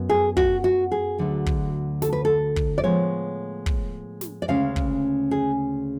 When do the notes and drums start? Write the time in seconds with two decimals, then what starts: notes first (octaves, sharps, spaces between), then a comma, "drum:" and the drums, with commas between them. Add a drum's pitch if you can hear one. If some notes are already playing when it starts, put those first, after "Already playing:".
Already playing: F#2 B3
0.10 G#4
0.37 F#4, drum: kick
0.64 F#4
0.92 G#4
1.18 D2 D3 F#3
1.46 drum: kick
2.02 A4, drum: snare
2.13 B4
2.25 A4
2.56 drum: kick
2.78 D5
2.84 A2 F3 G#3 B3 C#5
3.66 drum: kick
4.21 drum: snare
4.42 D5
4.48 D2 C#3 G#3 C#4 F5
4.76 drum: kick
5.31 G#4